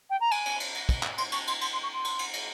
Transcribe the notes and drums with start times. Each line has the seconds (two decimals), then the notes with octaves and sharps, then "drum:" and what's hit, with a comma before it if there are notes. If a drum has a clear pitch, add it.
0.10 G5
0.20 A#5
0.31 G#5, drum: cymbal
0.45 drum: cymbal
0.60 drum: cymbal
0.74 drum: cymbal
0.89 drum: kick, cymbal
1.03 drum: clap
1.18 C6, drum: cymbal
1.32 C#6, drum: cymbal
1.47 C6, drum: cymbal
1.61 C6, drum: cymbal
1.73 C6
1.83 C#6
1.94 C6
2.04 drum: cymbal
2.19 drum: cymbal
2.33 drum: cymbal